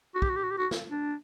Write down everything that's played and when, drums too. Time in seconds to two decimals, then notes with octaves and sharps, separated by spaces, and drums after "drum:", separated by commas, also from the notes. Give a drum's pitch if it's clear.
0.15 F#4
0.22 G4, drum: kick
0.29 F#4
0.36 G4
0.44 F#4
0.51 G4
0.58 F#4
0.71 drum: snare
0.91 D4